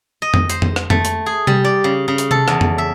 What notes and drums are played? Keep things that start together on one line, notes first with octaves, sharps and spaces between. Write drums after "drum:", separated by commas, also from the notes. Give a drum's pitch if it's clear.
D#5
drum: tom F2
C5, drum: hi-hat
drum: tom F2
drum: rim click
A3, drum: tom F2
drum: hi-hat
G#4
G3, drum: tom C3
D5
C#3
C#3
drum: hi-hat
A4, drum: tom C3
E2, drum: rim click
drum: tom F2
E5